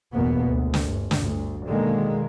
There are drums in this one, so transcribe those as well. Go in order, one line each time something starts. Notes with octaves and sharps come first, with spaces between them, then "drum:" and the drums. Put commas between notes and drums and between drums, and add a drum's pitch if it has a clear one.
G1 E2 B2 A#3 B3
D2
drum: snare
G1
drum: snare
D2
B2 D3 D#3 G#3 A#3